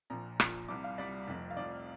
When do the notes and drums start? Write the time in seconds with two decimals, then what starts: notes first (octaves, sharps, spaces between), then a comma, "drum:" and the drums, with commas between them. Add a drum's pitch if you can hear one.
0.10 A#1 A#2 F3 A#5
0.40 A#1 A#2 F3, drum: rim click
0.68 C2 C3 G3 D6
0.84 F5
0.98 C2 C3 G3 D5
1.27 F1 F2 F3
1.50 F5
1.57 F1 F2 F3 D5